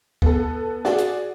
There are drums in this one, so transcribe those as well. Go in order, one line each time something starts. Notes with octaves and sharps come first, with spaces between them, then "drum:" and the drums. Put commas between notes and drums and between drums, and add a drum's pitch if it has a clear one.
B3 A4, drum: kick
F#4 G#4 D5, drum: snare
drum: hi-hat